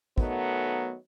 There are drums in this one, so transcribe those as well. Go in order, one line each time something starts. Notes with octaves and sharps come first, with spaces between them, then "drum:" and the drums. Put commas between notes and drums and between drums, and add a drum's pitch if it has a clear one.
D#3 F#3 A3 B3 D#4, drum: kick